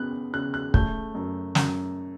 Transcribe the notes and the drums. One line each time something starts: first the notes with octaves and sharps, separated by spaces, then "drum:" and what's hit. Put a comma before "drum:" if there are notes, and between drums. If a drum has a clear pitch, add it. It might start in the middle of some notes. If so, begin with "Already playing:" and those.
Already playing: C#3 B3 F#6
C#3 F#6
F#6
A3 G6, drum: kick
F#2
F#2, drum: snare